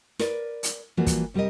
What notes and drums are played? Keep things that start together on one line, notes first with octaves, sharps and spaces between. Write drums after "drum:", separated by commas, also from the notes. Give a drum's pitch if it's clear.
A#4 B4 D5, drum: snare
drum: hi-hat
E3 F3 G3 A#3 F#4
drum: kick, hi-hat
C3 G3 G4 A#4 D#5